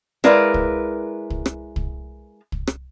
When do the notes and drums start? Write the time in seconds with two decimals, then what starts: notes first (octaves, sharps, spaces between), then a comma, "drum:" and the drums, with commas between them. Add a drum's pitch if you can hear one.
0.24 G#3 E4 A#4 B4 D5 F5, drum: rim click
0.54 drum: kick
1.30 drum: kick
1.46 drum: rim click
1.76 drum: kick
2.52 drum: kick
2.67 drum: rim click